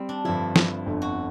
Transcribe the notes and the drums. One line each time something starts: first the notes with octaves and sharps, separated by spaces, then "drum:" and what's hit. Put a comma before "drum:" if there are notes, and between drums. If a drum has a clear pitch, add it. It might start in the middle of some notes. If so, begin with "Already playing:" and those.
Already playing: G3 C4
D4
G2 D3 F3 E4
drum: snare
G1 F2 D3
F#4